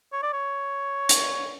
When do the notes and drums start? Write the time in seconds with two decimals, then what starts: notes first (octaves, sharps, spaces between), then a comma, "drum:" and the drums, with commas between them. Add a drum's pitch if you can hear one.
0.13 C#5
0.23 D5
0.33 C#5
1.09 drum: hi-hat